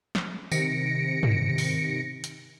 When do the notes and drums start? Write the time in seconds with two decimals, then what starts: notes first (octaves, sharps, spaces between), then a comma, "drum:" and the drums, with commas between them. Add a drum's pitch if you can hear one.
0.15 drum: snare
0.51 C3 D#3 A#6 C#7 D7, drum: tambourine
1.23 drum: tom
1.58 drum: open hi-hat
2.24 drum: hi-hat